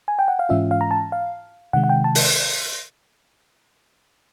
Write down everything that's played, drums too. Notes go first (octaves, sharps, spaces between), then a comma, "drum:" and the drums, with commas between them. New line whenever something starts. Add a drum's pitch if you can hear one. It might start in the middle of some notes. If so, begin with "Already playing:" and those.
G#5
G5
F#5
F5
G#2 E3 G#3 C#4 F4 E5
F5
A#5
A5
F5
C3 D#3 G#3 F#5
F#5
G5
A5
drum: open hi-hat